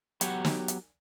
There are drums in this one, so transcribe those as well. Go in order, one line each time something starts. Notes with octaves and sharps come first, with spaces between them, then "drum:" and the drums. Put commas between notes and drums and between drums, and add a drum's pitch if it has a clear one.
F#3 B3 G4 C#5 F#5, drum: hi-hat
drum: snare
drum: hi-hat